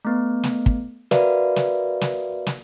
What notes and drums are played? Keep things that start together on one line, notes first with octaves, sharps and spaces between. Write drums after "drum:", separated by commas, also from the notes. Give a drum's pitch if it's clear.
A3 B3
drum: snare
drum: kick
F#4 A#4 B4 D5 E5 F5, drum: snare
drum: snare
drum: snare
drum: snare